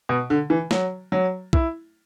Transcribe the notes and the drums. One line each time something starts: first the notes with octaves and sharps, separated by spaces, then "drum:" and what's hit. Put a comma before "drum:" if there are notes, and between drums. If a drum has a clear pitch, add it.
B2
D3
E3
F#3, drum: snare
F#3
E4, drum: kick